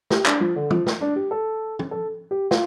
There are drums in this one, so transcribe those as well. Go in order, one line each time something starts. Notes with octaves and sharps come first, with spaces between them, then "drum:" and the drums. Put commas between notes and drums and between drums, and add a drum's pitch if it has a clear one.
G4, drum: snare
D4, drum: clap
F3
D3
F3, drum: tom
drum: snare
D4
G4
A4
drum: tom
A4
G4
F4, drum: snare